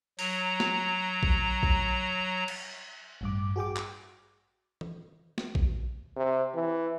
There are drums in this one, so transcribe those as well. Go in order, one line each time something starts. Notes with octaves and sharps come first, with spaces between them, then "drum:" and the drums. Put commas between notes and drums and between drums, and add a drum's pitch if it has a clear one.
F#3 A#5, drum: open hi-hat
drum: snare
drum: kick A#1
drum: kick A#1
drum: cymbal
A1 G2 D6
F#4 G#4 G5 D6
drum: clap
drum: tom E3
drum: snare
drum: kick A#1
C3
E3